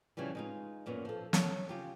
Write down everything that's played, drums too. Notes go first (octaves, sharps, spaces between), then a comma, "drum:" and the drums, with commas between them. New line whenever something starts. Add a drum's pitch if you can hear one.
C#3 E3 F3 G3
G#3 D#4 F4
F#2 A#2 B3 C#4
F3 A4
C#5 A5, drum: snare
C#3 F4 G4